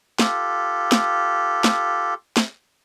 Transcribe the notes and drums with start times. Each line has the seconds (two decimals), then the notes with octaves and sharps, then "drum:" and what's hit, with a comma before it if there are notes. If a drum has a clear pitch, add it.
0.19 F4 G4 A4, drum: snare
0.92 drum: snare
1.64 drum: snare
2.37 drum: snare